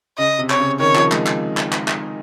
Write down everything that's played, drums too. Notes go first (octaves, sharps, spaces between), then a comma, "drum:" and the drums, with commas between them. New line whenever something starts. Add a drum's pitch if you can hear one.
C#3 D#5
C3
C#5, drum: clap
C#3
D#3 C#5
F3, drum: clap
G#3, drum: clap
drum: clap
drum: clap
drum: clap
drum: clap